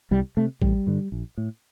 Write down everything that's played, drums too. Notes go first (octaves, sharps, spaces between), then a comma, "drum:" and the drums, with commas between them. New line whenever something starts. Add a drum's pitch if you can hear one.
C2 G3
C3 A3
A1 G3, drum: kick A1
G2 D3
A#1
A2